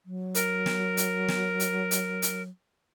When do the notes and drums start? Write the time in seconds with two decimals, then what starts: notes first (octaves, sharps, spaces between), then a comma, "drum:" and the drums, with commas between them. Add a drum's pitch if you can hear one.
0.06 F#3
0.35 A#4, drum: hi-hat
0.66 drum: snare
0.97 drum: hi-hat
1.28 drum: snare
1.60 drum: hi-hat
1.91 drum: hi-hat
2.22 drum: hi-hat